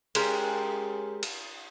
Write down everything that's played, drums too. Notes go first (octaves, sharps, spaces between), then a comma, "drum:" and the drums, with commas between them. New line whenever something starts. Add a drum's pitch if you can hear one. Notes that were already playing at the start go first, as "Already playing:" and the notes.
G#3 C#4 G4 A#4, drum: cymbal
drum: cymbal